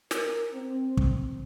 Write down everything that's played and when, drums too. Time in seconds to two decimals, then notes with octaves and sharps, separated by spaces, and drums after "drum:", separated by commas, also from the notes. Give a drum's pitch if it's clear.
0.11 A#4, drum: snare
0.53 C4
0.97 C4, drum: kick